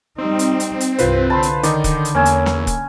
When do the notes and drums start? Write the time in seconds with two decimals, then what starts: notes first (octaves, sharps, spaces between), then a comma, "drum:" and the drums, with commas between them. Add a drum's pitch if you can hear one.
0.18 G3 C4 D#4
0.39 drum: hi-hat
0.60 drum: hi-hat
0.80 drum: hi-hat
0.99 C2 G2 F4 B4 C5, drum: hi-hat
1.30 D3 A5 B5 C6
1.43 drum: hi-hat
1.63 D#3 D#4 D5, drum: hi-hat
1.84 drum: kick, hi-hat
2.05 drum: hi-hat
2.15 E2 A#3 C#4 G#5 E6
2.26 drum: hi-hat
2.46 drum: snare
2.67 drum: kick, hi-hat